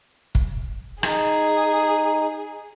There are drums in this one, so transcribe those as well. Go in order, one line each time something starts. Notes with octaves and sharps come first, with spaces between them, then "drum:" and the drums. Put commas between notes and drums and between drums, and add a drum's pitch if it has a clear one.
drum: kick
D#4 G#4, drum: rim click